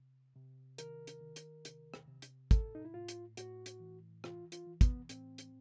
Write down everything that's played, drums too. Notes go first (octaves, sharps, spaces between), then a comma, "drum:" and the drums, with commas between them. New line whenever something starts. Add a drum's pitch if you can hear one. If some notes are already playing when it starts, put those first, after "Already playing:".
Already playing: C3
C3
D#3 A#4, drum: hi-hat
drum: hi-hat
D#3
drum: hi-hat
C3, drum: hi-hat
drum: rim click
C3
drum: hi-hat
A2 A4, drum: kick, hi-hat
D#4
E4
A2 F4
drum: hi-hat
A2 F#4, drum: hi-hat
drum: hi-hat
E3
E3 F4, drum: rim click
F4, drum: hi-hat
E3
B3, drum: kick, hi-hat
A2 C4, drum: hi-hat
drum: hi-hat